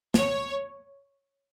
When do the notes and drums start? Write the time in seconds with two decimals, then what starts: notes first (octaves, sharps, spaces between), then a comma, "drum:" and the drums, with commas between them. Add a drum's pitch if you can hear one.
0.14 C#5, drum: snare